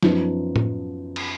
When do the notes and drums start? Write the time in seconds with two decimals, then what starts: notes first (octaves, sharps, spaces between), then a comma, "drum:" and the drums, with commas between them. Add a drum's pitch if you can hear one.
0.03 F#2 F3 B3 D#4, drum: snare
0.56 drum: tom A2
1.16 drum: cymbal